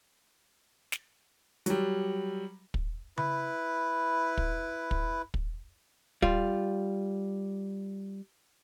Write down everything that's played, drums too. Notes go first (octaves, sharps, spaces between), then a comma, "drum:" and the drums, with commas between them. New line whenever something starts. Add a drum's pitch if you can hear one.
drum: snare
F#3 G3, drum: hi-hat
drum: kick
E4 B4, drum: tom C#3
drum: kick
drum: kick
drum: kick
G3 F4, drum: kick